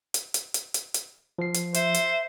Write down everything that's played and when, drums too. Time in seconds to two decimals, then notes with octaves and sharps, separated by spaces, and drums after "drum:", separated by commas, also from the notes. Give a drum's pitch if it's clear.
0.14 drum: hi-hat
0.34 drum: hi-hat
0.54 drum: hi-hat
0.74 drum: hi-hat
0.94 drum: hi-hat
1.38 F3 C7
1.54 drum: hi-hat
1.74 C5 E5, drum: hi-hat
1.94 drum: hi-hat